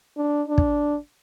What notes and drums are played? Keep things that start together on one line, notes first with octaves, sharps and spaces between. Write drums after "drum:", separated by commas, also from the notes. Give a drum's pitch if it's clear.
D4
D4
drum: kick